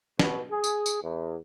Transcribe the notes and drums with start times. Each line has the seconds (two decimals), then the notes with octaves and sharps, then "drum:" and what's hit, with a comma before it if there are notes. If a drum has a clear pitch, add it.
0.19 B2, drum: snare
0.50 G#4
0.64 drum: tambourine
0.86 drum: tambourine
1.01 E2